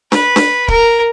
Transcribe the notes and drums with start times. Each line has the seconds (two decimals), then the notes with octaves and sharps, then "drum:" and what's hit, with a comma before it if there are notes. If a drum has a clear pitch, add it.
0.12 B4, drum: snare D4
0.36 drum: snare D4
0.68 A#4, drum: kick